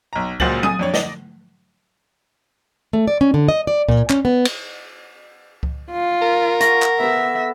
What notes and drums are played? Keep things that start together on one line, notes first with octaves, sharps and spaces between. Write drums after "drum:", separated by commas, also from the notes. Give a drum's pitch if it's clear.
B1 A#5
C#2 A#2 F#3 C5 A6 F#7, drum: kick C#2
G#5 D#6 D#7, drum: tom F#3
F2 D4 C#5
D5 D#5, drum: snare
A3
D5
C#4
D3
D#5
D5
A#2, drum: kick C#2
C#4, drum: clap
B3
drum: cymbal
drum: kick C#2
F4
A#4
F#5 C#6 A#6, drum: hi-hat
drum: clap
B3 A4 E5